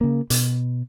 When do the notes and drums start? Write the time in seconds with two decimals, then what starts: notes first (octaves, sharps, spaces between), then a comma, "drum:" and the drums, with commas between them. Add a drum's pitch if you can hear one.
0.01 C#3 A#3
0.30 B2, drum: hi-hat